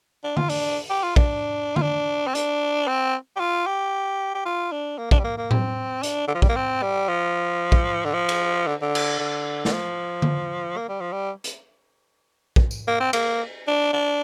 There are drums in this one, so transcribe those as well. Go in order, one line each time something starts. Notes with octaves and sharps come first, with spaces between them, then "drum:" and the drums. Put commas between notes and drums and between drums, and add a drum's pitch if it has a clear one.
D4
F4, drum: tom D3
D4, drum: open hi-hat
G4
F4
D4, drum: kick
F4, drum: tom D3
D4
C4
D4, drum: hi-hat
C4
G4
F4
G4
G4
F4
D4
A#3
D4, drum: kick
G3
A#3
A#3
C4, drum: tom A2
D4, drum: hi-hat
D3
F3
G3, drum: kick
A#3
C4
G3
F3
drum: kick
D3
F3
drum: cymbal
D3
D3
drum: cymbal
D3
D3, drum: snare
F3
drum: tom D3
A#3
G3
F3
G3
drum: hi-hat
drum: kick
drum: tambourine
A#3
C4
A#3, drum: cymbal
D4
D4